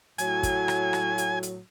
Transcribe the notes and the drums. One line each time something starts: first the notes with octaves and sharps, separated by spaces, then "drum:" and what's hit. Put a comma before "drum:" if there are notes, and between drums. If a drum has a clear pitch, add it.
A2 F#3 G#5, drum: hi-hat
drum: kick, hi-hat
drum: rim click
drum: rim click
drum: hi-hat
drum: hi-hat